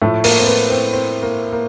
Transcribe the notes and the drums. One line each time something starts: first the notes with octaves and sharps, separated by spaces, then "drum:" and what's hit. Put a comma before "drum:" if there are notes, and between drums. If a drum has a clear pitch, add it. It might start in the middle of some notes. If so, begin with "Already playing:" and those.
A2 F3 A3
A#3, drum: open hi-hat
C4
B3
C4
C4
A#3
A#3